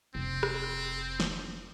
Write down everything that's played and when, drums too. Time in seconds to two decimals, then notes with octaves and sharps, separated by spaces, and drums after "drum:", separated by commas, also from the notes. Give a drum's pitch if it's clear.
0.15 F1 C4
0.43 drum: rim click
1.20 drum: snare